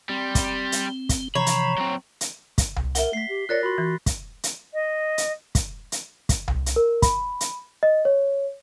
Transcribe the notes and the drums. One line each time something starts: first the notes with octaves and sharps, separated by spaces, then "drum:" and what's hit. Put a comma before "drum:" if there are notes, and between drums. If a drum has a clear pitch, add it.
G3 C4 C6
drum: kick, hi-hat
drum: hi-hat
drum: kick, hi-hat
C3 E3 F3 C#5 A#5 B5
drum: hi-hat
F#3 C4
drum: hi-hat
drum: kick, hi-hat
drum: tom C2
A#4 E5 F#5 G7, drum: hi-hat
A3 B6 C7
G4
F4 A#4 C#5 D5 F#6 A6 A#6
F#4 B5 C6
E3
drum: kick, hi-hat
drum: hi-hat
D#5
drum: hi-hat
drum: kick, hi-hat
drum: hi-hat
drum: kick, hi-hat
drum: tom C2
drum: hi-hat
A#4
B5, drum: kick, hi-hat
drum: hi-hat
D#5
C#5